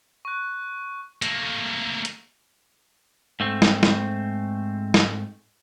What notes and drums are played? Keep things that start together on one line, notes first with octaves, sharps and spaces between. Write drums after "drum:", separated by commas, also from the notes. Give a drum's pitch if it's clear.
C#6 F#6
A3 A#3, drum: hi-hat
drum: hi-hat
G#2 A3 C4
drum: snare
drum: snare
drum: snare